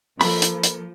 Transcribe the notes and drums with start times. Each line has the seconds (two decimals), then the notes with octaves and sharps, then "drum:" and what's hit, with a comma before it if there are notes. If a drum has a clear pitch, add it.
0.21 F3 A#3 A4 B5, drum: open hi-hat
0.42 drum: hi-hat
0.64 drum: hi-hat